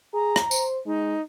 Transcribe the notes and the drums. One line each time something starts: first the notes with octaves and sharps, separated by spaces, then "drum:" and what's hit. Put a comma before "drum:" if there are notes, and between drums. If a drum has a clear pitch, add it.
G#4 A#5
drum: rim click
C5, drum: tambourine
G#3 D#4